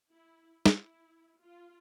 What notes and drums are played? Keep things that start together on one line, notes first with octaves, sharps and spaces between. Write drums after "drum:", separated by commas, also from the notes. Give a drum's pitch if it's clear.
E4
E4, drum: snare
F4